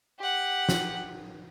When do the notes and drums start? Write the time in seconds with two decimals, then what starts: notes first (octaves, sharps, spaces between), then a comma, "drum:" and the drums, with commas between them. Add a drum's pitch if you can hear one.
0.19 G4 F#5
0.69 drum: snare